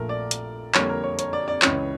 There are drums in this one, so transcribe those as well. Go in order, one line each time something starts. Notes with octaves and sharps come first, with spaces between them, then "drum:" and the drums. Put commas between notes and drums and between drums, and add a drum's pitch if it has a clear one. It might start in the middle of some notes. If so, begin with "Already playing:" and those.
Already playing: A#1 A#2 A3 A#4
D5
drum: hi-hat
F2 D3 G3 A#3 C#5, drum: clap
A#4
C#5
C#5, drum: hi-hat
D5
D5
C#2 C#3 E3 C#5, drum: clap